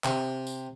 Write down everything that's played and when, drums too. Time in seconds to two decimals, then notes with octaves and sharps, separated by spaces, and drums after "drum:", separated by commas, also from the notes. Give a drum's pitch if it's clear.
0.04 C3, drum: clap
0.47 drum: tambourine